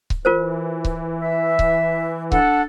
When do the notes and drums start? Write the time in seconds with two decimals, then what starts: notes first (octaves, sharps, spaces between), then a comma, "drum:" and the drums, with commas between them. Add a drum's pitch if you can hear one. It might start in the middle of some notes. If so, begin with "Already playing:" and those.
0.10 drum: kick C#1
0.25 E3 F4 A#4 C5
0.85 drum: kick C#1
1.22 E5
1.59 drum: kick C#1
2.32 D4 A4 F#5, drum: kick C#1